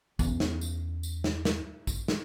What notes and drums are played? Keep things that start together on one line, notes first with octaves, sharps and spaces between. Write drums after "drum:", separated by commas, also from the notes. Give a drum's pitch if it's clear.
E2 C#4, drum: kick, tambourine
drum: snare
drum: tambourine
drum: tambourine
drum: snare
drum: snare
drum: kick, tambourine
drum: snare